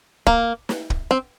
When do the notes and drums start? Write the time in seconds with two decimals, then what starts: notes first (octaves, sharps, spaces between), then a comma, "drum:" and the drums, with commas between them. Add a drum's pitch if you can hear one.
0.27 A#3, drum: kick
0.69 drum: snare
0.90 drum: kick
1.11 C4